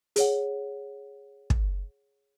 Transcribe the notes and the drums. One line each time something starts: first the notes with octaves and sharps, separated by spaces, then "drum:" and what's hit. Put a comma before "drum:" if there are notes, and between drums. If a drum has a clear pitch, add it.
G#4 C#5 F#5, drum: hi-hat
drum: kick